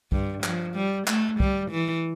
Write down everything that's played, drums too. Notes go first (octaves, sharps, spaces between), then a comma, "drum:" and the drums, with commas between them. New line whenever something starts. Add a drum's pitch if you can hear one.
G2, drum: kick
F3, drum: clap
G3
A3, drum: clap
G3, drum: kick
E3